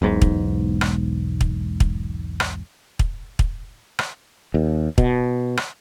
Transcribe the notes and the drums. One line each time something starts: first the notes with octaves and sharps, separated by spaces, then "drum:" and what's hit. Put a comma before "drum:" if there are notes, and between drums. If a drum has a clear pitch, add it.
E1 B1 G#2
drum: kick
drum: rim click
drum: kick
drum: kick
drum: rim click
drum: kick
drum: kick
drum: rim click
D#2
B2, drum: kick
drum: rim click